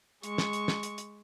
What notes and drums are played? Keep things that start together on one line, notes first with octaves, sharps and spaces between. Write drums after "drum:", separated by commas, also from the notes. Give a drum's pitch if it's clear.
G#3 C#6, drum: hi-hat
drum: snare
drum: hi-hat
drum: snare
drum: hi-hat
drum: hi-hat